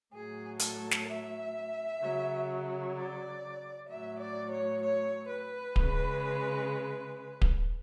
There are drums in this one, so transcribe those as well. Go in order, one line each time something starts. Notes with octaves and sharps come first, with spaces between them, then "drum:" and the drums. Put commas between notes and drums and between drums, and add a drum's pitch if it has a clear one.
A2 F#3 G#4
A4, drum: hi-hat
drum: snare
E5
C#3 F#3
D5
A2 F#3 E5
D5
C#5
C#5
B4
C#3 G#3, drum: kick D1
drum: kick D1